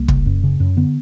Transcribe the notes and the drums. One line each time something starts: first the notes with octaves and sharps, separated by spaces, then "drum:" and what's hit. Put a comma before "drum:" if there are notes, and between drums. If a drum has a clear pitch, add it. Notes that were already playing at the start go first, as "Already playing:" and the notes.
Already playing: C2 A#3
C#3, drum: kick
F#2
C#3
F#2
D3 B3